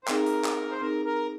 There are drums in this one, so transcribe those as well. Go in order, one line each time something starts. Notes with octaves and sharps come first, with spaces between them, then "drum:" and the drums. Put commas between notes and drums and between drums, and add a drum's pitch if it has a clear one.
C5
C4 D#4 G#4 A#4, drum: clap
drum: hi-hat
drum: clap
C5
C4 D#4 G#4 A#4
A#4